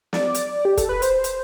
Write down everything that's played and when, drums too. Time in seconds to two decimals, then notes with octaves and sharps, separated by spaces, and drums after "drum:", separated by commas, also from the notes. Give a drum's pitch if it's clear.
0.13 D5, drum: snare
0.34 drum: hi-hat
0.65 G4
0.77 A4, drum: kick, hi-hat
0.89 B4
1.02 C5, drum: hi-hat
1.24 drum: hi-hat